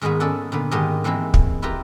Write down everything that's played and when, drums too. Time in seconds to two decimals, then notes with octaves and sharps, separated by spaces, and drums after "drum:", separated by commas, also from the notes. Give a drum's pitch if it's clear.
0.01 G#2 D#3 G#3 A#3 B3 G#4
0.20 C#4 G#4 A4 D5 F#5
0.52 A#2 D3 B3
0.71 G#2 D#3 A#3 B3 G4 D#5
1.04 E3 G#3 A#3 C4 E4
1.34 drum: kick
1.62 E4 F4 G4 A#4 B4